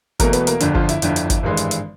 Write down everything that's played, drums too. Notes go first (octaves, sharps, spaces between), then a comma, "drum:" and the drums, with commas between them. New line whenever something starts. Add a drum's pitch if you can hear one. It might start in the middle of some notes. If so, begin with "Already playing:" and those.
E2 B2 F#3 A3 A#3 A#4, drum: kick, hi-hat
B3 B4, drum: hi-hat
A#3 A#4, drum: hi-hat
G1 F2 D3, drum: hi-hat
F3 F4, drum: kick
E4, drum: hi-hat
G1 F2 D3, drum: hi-hat
drum: hi-hat
drum: kick, hi-hat
G#1 G2 E3 G#3
drum: hi-hat
drum: hi-hat